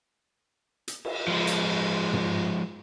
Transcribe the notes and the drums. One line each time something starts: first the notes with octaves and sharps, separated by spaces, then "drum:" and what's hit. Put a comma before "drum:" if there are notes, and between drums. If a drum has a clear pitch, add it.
drum: hi-hat
drum: cymbal
F3 G#3
drum: hi-hat
drum: tom